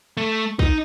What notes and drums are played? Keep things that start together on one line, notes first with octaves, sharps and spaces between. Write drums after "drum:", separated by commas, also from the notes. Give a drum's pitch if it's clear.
A3
D#4, drum: kick